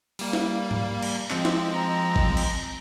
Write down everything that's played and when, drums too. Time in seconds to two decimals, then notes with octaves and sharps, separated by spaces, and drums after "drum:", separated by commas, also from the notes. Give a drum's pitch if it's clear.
0.19 G3 A#3, drum: open hi-hat
0.33 drum: snare
0.71 drum: tom G#2
1.02 drum: cymbal
1.30 F3 G#3 C4, drum: clap
1.45 drum: snare
1.74 A#5
2.16 drum: kick G#1
2.37 drum: cymbal